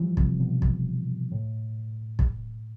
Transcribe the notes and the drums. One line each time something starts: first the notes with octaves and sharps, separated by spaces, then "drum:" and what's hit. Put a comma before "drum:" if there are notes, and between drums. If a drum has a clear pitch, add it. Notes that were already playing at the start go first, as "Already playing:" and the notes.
Already playing: E3 F3 G3
C3, drum: kick
B2
drum: kick
A2
drum: kick